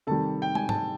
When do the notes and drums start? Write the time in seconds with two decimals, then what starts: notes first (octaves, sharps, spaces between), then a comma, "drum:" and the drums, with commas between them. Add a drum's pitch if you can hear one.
0.07 C3 D#3 G3 A4 A5
0.42 G5
0.55 G#5, drum: tom
0.69 A5, drum: tom